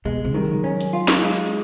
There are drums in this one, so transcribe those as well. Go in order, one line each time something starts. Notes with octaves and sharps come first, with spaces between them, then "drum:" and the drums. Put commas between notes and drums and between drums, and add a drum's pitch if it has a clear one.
B2 G#3
C3
D#3 G3
F#3
C#4
drum: hi-hat
F4
drum: snare
G#3